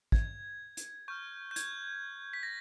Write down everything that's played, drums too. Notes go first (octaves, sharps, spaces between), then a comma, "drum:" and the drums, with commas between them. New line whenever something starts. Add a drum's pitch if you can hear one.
G#6, drum: kick
drum: hi-hat
C#6 F6 G6
G6
G#6, drum: hi-hat
B6
A#6